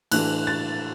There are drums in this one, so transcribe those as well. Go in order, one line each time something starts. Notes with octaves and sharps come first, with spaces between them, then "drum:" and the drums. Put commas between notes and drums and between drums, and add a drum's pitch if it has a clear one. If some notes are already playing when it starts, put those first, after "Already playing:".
A2 E3 A3 D4 F#6, drum: cymbal
A6